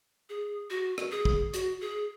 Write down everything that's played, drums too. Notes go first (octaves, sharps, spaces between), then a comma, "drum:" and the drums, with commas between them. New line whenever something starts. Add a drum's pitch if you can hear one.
G#4
F#4
drum: rim click
G#4
drum: kick
F#4, drum: hi-hat
G#4